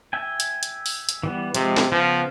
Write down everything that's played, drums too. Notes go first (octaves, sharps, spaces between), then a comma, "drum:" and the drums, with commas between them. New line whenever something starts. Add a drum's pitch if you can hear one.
E5 G5 G#5
drum: hi-hat
drum: hi-hat
drum: open hi-hat
drum: hi-hat
E3 G3 B3
C3 F3 G#3, drum: hi-hat
drum: snare
C#3 F3 B3